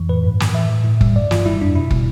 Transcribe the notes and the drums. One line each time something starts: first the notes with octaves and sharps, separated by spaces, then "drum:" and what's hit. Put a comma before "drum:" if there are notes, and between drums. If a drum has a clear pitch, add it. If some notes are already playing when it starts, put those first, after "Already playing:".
Already playing: F2 E3
A2 B4
G2
E3, drum: snare
A2 E5
A2
A2
G3, drum: kick
G2 D5
G2 F4, drum: snare
G3 E4
F2 D4
B2 E4
B2, drum: kick